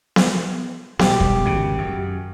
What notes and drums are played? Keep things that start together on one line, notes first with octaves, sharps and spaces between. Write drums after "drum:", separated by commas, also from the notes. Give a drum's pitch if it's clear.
drum: snare B3
B2 G3 G4, drum: snare B3
drum: kick
G#1 C#3
F#2